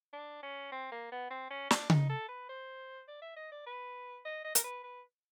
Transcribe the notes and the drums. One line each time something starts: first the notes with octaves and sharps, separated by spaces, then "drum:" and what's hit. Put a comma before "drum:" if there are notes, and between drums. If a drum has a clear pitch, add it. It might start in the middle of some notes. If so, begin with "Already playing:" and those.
D4
C#4
C4
A#3
B3
C4
C#4
D4, drum: snare
D#4, drum: tom C#3
A4
B4
C5
D5
E5
D#5
D5
B4
D#5
D#5
A#4, drum: hi-hat
B4
B4